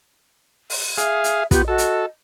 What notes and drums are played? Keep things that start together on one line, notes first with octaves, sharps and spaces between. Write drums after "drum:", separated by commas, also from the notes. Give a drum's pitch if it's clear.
drum: open hi-hat
G#4 E5 F5, drum: hi-hat
drum: hi-hat
B3 F4 G4, drum: kick, hi-hat
F#4 A4 D#5
drum: hi-hat